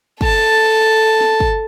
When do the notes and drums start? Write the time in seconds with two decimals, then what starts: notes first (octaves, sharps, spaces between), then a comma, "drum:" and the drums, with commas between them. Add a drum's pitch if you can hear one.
0.21 A4 A5, drum: kick
1.20 drum: snare
1.40 drum: kick